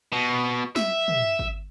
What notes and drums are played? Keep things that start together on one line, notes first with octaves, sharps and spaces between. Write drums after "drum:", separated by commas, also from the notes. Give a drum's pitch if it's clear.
B2
E5, drum: snare
drum: tom
drum: kick